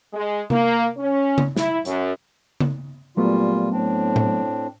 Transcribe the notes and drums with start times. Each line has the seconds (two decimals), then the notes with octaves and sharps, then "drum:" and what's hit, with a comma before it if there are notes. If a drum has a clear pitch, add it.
0.13 G#3
0.50 A#3, drum: tom C3
0.97 C#4
1.38 drum: tom C#3
1.57 E4, drum: snare
1.85 F#2, drum: hi-hat
2.60 drum: tom C#3
3.17 A#2 F#3 G3 A3 B3 F4
3.71 A2 C4 D4
4.16 drum: tom A2